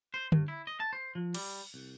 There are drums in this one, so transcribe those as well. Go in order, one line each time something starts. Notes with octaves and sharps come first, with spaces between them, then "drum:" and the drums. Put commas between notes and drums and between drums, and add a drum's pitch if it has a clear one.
C5
G2, drum: tom D3
E4
D#5
A5
C5
F3
G3, drum: cymbal
C2